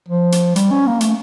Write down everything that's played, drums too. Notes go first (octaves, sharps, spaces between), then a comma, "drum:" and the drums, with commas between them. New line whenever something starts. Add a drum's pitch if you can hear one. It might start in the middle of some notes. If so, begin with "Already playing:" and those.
F3
drum: hi-hat
G3, drum: hi-hat
C#4
A#3
A3, drum: hi-hat